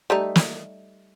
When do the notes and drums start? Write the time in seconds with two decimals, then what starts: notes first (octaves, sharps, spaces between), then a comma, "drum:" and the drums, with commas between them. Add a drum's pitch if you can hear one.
0.10 G3 A3 D#4
0.36 drum: snare